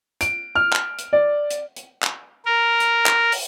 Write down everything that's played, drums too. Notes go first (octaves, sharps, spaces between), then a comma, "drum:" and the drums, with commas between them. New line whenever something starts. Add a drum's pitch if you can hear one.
D7, drum: hi-hat
F6
drum: clap
drum: hi-hat
D5
drum: hi-hat
drum: hi-hat
drum: clap
A#4
drum: hi-hat
drum: clap
drum: open hi-hat